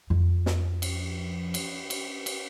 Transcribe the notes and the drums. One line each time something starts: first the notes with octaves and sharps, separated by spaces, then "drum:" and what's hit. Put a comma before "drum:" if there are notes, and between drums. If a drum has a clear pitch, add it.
F2 F3
drum: snare
drum: cymbal
drum: cymbal
drum: cymbal
drum: cymbal